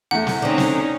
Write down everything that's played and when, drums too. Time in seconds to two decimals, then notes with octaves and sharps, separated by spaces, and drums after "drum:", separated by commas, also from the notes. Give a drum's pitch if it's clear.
0.11 E2 A3 F#5
0.27 drum: snare
0.42 D3 C4 C#4 D#4
0.58 drum: snare